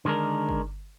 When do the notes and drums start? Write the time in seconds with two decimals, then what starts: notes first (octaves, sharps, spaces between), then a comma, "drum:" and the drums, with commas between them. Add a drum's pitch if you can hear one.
0.05 D3 D#3 G#3 D4 A#4
0.49 drum: kick